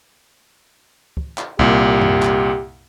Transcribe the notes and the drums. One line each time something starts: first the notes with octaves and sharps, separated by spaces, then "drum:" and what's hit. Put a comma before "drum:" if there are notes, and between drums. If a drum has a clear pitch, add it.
drum: kick
drum: clap
C2 A#2 G4, drum: kick
drum: tom F#2
drum: clap